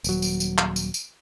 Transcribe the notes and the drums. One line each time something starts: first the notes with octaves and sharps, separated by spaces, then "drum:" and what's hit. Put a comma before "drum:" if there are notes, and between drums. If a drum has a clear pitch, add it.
D#1 F#3, drum: tambourine
drum: tambourine
drum: tambourine
drum: clap
drum: tambourine
drum: tambourine